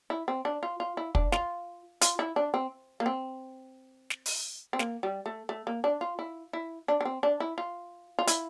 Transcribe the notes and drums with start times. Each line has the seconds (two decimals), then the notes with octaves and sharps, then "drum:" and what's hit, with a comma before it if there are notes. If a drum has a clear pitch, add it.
0.10 E4
0.28 C4
0.45 D4
0.63 F4
0.80 F4
0.97 E4
1.15 D4, drum: kick
1.32 F4, drum: snare
2.01 F4, drum: hi-hat
2.19 E4
2.36 D4
2.54 C4
3.00 A#3
3.06 C4
4.10 drum: snare
4.26 drum: open hi-hat
4.73 C4
4.79 A#3, drum: snare
5.03 G3
5.26 A3
5.49 A3
5.67 A#3
5.84 D4
6.01 F4
6.19 E4
6.53 E4
6.88 D4
7.01 D4
7.05 C4
7.23 D4
7.40 E4
7.58 F4
8.19 F4
8.27 E4, drum: hi-hat